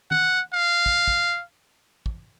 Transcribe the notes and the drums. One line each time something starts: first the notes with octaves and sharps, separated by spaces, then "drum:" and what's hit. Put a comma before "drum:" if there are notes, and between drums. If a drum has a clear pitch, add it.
F#5, drum: tom
F5
drum: kick
drum: kick
drum: kick